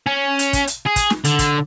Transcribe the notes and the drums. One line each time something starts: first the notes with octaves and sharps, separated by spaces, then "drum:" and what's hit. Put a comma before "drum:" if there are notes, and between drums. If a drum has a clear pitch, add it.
C#4
drum: hi-hat
drum: kick, hi-hat
drum: hi-hat
G#4
drum: kick, hi-hat
drum: snare
D3, drum: hi-hat
drum: kick, hi-hat